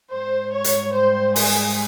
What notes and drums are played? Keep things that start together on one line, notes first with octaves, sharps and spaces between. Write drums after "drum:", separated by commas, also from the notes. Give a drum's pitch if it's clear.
G#2 G3 C5
C#5
drum: hi-hat
C5
G#4, drum: open hi-hat